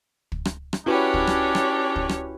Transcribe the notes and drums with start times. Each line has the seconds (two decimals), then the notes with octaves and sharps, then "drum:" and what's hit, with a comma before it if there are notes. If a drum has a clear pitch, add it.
0.32 drum: kick
0.45 drum: rim click
0.73 drum: rim click
0.86 C#4 D4 E4 F#4 G4 B4 C#5
1.14 drum: kick
1.27 drum: rim click
1.55 drum: rim click
1.96 drum: kick
2.09 drum: rim click